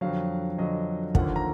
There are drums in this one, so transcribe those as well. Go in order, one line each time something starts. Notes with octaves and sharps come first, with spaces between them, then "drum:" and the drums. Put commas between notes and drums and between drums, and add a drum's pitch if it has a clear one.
F2 D3 F#3 F5
F2 D3 F#3 D#5
D#2 D3 F3 A#3 F#5, drum: kick
A#5